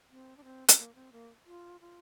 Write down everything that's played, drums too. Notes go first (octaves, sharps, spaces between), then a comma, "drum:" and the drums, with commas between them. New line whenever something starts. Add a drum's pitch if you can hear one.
C4
D4
C4
C4, drum: hi-hat
A#3
C4
A#3
F4
F4